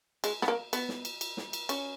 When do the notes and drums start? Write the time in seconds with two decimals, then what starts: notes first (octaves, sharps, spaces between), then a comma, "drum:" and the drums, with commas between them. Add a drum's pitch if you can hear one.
0.24 G#3, drum: cymbal
0.42 B3, drum: snare
0.48 A#3
0.73 B3, drum: cymbal
0.89 drum: snare
1.05 drum: cymbal
1.21 drum: cymbal
1.37 drum: snare
1.53 drum: cymbal
1.69 C#4, drum: cymbal